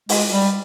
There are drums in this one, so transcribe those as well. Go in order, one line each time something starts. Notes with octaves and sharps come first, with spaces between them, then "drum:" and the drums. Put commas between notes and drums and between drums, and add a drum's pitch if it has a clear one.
G#3, drum: open hi-hat
G3